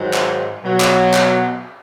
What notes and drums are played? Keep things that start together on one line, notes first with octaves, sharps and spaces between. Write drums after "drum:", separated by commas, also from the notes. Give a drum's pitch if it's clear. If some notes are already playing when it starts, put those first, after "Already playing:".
Already playing: G#2 D#3 F#3
drum: clap
B2 F#3
drum: clap
drum: clap